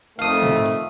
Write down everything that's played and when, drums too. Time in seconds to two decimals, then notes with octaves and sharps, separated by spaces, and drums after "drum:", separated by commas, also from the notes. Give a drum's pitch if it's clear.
0.19 F2 D#3 A3 F5 D#6, drum: hi-hat
0.42 drum: tom
0.66 drum: hi-hat